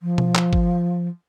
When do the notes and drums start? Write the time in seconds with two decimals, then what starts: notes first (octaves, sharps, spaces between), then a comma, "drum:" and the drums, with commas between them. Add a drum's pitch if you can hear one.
0.01 F3
0.18 drum: tom B2
0.35 drum: clap
0.53 drum: kick